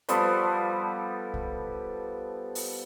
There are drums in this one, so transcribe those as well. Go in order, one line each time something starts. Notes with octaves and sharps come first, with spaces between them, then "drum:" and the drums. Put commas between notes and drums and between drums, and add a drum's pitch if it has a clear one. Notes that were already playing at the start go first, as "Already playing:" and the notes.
F3 G3 B3 A4, drum: hi-hat
drum: kick
drum: open hi-hat